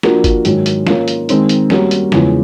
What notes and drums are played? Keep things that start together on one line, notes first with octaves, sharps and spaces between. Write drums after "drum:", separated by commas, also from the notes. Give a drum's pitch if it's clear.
F3 A#3 D4 F#4 A#4, drum: snare
drum: kick G1, hi-hat
G#2 D#3 F#3, drum: hi-hat
drum: hi-hat
A#3 C#4 F4, drum: snare
drum: hi-hat
D#3 G#3 C4 D#4, drum: hi-hat
drum: hi-hat
G3 A#3 C#4 F#4 A#4, drum: snare
drum: hi-hat
E2 C#3 F3 G#3, drum: snare